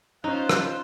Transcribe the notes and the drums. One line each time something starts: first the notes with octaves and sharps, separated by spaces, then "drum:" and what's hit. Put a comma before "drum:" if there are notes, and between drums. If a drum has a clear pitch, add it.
C#4 D#4 F4 C5 F#6
drum: rim click